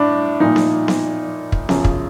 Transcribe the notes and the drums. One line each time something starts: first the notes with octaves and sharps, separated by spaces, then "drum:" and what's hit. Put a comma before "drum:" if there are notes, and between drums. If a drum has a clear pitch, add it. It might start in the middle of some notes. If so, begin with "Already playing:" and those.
Already playing: A2 D4
A#2 F3 D#4
drum: snare B3
drum: snare B3
drum: kick
F#2 C#3 F3, drum: snare B3
drum: kick